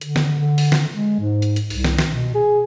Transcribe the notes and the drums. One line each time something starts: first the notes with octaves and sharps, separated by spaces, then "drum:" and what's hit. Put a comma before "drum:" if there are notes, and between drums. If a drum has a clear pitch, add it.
D3, drum: hi-hat
drum: snare
D3
drum: open hi-hat
drum: snare
G#3
G#2
drum: hi-hat
drum: hi-hat
C2, drum: open hi-hat
drum: snare
drum: snare
B2
G#4